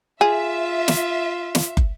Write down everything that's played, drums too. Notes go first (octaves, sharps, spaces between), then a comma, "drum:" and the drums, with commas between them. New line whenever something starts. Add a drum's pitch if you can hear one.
F4 G#4 E5
drum: snare
drum: snare
drum: kick